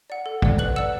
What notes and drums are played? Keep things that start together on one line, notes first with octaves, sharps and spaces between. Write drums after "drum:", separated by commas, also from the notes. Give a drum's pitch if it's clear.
D5 F#5
A4
D5 F#5, drum: kick
B4 F#6 F#7
D5 F#5 E6 E7